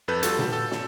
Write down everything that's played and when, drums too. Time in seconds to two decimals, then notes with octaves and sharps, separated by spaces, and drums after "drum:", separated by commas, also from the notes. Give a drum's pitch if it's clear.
0.08 F2 A4 B4 G6
0.23 G3 F4 F#4 A4, drum: hi-hat
0.39 drum: tom A#2
0.53 A4
0.71 drum: snare